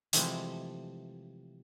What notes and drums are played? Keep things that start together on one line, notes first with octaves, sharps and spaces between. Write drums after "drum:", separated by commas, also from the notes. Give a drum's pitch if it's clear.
C3 E3 F3 G#3 A3, drum: hi-hat